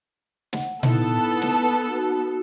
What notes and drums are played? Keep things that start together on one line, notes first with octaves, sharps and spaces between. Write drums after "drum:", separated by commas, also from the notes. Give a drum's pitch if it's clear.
F#5, drum: snare
B3 D#4 E4 A4, drum: tom A#2
drum: snare
D#4 F#4